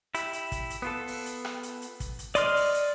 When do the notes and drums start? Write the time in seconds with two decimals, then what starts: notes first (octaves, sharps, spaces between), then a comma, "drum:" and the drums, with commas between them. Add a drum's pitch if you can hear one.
0.15 E4 G4, drum: hi-hat
0.33 drum: hi-hat
0.52 drum: kick, hi-hat
0.70 drum: hi-hat
0.82 B3 F4 A4
1.07 drum: open hi-hat
1.26 drum: hi-hat
1.45 drum: rim click
1.63 drum: hi-hat
1.82 drum: hi-hat
2.00 drum: kick, hi-hat
2.19 drum: hi-hat
2.35 D5 D#5 C6 F6, drum: hi-hat
2.56 drum: open hi-hat
2.75 drum: hi-hat